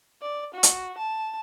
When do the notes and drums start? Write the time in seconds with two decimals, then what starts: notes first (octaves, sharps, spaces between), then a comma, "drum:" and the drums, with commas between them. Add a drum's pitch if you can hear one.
0.22 D5
0.54 F#4
0.63 drum: hi-hat
0.98 A5